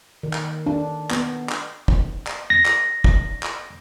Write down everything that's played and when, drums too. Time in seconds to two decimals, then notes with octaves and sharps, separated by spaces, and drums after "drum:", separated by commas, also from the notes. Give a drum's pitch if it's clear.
0.23 D#3
0.33 drum: clap
0.66 D4
1.11 B3, drum: clap
1.49 drum: clap
1.88 drum: kick
2.27 drum: clap
2.50 A#6
2.66 drum: clap
3.04 drum: kick
3.43 drum: clap